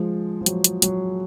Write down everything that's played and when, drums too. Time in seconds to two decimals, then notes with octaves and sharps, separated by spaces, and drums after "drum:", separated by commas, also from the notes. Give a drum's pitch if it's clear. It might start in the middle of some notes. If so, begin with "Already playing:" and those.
Already playing: F3 G#3
0.41 F3
0.46 F#3, drum: hi-hat
0.64 drum: hi-hat
0.82 F#3, drum: hi-hat